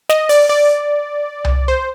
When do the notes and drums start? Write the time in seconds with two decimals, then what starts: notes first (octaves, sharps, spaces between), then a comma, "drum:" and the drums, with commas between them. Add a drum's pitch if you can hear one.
0.09 D#5, drum: snare
0.29 D5, drum: open hi-hat
0.49 D5
1.44 drum: tom C2
1.68 C5